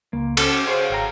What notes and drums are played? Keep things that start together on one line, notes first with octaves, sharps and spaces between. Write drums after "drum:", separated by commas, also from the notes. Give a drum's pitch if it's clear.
C#2 A#3
C#4 A4 D6, drum: cymbal
C#3 C5 C#5 F5 C6
G#1 G5 A#5